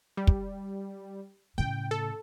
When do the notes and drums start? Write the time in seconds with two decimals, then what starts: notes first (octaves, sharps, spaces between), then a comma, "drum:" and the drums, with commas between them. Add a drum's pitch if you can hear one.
0.17 G3
0.27 drum: kick
1.58 A2 C#3 G5
1.91 A4